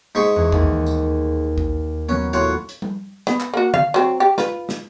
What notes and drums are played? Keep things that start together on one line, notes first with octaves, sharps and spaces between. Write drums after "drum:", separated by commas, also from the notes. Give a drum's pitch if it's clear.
G#2 G#4 C#6 B6
E2
D#2, drum: kick A#1
drum: tambourine
drum: kick A#1
F#3 B3 C#4
A2 F4 F#4 C#5
drum: hi-hat
drum: tom G3
B3, drum: snare
drum: clap
A#3 F#4
F5, drum: tom D3
F#3 C4
G4
F4 B4, drum: snare
drum: snare